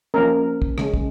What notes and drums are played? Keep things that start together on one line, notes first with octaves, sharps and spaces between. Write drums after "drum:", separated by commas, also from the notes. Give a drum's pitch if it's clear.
F3 A#3 C#4 A#4
drum: kick
C#3 G#3 C#4, drum: rim click
drum: kick